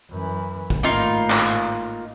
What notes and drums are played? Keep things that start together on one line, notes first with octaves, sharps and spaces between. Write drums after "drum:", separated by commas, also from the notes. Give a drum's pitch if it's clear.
F#2 E3
drum: kick
G#1 A2 A#3 D#4 F4
drum: clap